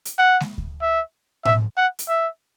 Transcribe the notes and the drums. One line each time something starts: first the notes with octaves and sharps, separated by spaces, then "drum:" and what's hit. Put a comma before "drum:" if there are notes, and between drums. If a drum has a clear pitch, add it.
drum: hi-hat
F#5
drum: snare G#3
drum: kick D2
E5
E5, drum: tom A2
F#5
drum: hi-hat
E5